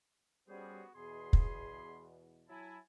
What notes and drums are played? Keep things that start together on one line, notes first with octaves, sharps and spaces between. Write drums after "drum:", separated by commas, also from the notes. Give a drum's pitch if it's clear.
G3 B3 C#4 F#4 G#4 C5
E2 B2 G#4 B5 C6
drum: kick
F#3 E4 G#5 A5